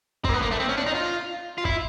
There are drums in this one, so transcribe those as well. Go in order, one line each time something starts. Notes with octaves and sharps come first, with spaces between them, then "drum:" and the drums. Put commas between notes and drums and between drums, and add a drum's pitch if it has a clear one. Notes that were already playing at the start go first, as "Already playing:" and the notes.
C4, drum: kick
A#3
B3
A#3
A3
C4
C#4
D4
D#4
F4
F4
E4, drum: kick